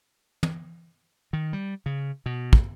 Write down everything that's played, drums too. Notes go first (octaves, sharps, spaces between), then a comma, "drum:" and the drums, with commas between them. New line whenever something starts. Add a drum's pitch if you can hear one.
drum: tom
D#3
G3
C#3
B2
drum: kick